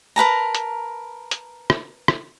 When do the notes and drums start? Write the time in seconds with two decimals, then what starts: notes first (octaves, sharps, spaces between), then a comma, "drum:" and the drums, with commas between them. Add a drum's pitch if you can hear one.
0.16 A#4 B4 A5 A#5
0.55 drum: hi-hat
1.31 drum: hi-hat
1.70 drum: rim click
2.08 drum: rim click